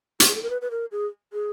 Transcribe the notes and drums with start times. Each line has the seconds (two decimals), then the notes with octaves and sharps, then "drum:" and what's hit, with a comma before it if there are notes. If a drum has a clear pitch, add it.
0.20 G4, drum: hi-hat
0.28 G#4
0.35 A4
0.42 A#4
0.50 B4
0.62 B4
0.71 A#4
0.92 G#4
1.33 G#4